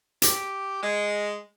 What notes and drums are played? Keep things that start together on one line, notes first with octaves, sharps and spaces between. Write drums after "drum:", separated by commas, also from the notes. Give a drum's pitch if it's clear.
G4, drum: hi-hat
G#3